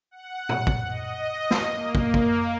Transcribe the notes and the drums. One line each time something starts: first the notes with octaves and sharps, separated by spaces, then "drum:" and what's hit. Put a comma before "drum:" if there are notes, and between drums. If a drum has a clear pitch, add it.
F#5
drum: tom A#2
drum: kick
D#5
drum: snare
A#3
drum: kick
drum: kick